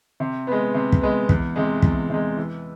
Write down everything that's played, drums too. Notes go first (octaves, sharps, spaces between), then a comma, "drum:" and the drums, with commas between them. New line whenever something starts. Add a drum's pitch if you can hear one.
C3
G#3 B3
C3
drum: kick
G#3 B3
E2, drum: kick
C3 G#3
E2, drum: kick
C3 G#3
E3